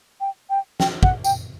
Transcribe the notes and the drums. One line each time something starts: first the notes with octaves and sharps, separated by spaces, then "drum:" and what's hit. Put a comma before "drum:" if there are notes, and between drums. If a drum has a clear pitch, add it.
G5
G5
G5, drum: snare
F#5, drum: kick
G5, drum: tambourine